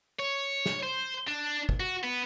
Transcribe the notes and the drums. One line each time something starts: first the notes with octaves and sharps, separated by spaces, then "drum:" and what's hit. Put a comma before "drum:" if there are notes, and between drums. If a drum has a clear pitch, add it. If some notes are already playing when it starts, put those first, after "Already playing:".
C#5
drum: snare
C5
D4
drum: kick
F#4
B3